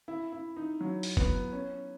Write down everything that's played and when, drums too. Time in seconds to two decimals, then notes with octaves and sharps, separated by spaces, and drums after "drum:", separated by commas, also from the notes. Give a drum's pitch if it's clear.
0.08 E4
0.32 E4
0.57 D#4
0.81 F#3
1.03 drum: open hi-hat
1.17 B3, drum: kick F#1
1.52 C#4